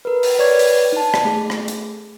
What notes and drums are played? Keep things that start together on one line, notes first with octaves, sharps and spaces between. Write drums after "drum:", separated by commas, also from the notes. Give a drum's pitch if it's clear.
A#4 B4
drum: open hi-hat
B4 C#5 D5 C#6 G#6
drum: open hi-hat
D#4 A5
drum: rim click
A3 G#4
drum: rim click
drum: hi-hat